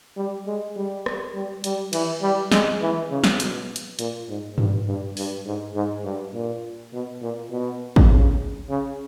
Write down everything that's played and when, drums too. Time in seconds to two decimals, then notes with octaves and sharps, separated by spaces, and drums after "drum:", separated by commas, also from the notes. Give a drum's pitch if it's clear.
0.17 G3
0.46 G#3
0.76 G3
1.06 drum: rim click
1.34 G3
1.64 G3, drum: hi-hat
1.93 E3, drum: cymbal
2.22 G3
2.51 G#3, drum: snare
2.81 E3
3.10 C#3
3.24 drum: snare
3.40 B2, drum: hi-hat
3.76 drum: hi-hat
3.99 A#2, drum: hi-hat
4.28 G#2
4.58 G2, drum: tom G2
4.87 G2
5.17 G2, drum: open hi-hat
5.46 G#2
5.75 G#2
6.04 G2
6.34 A#2
6.93 B2
7.21 A#2
7.51 B2
7.96 drum: kick A1
8.10 C#3
8.69 C#3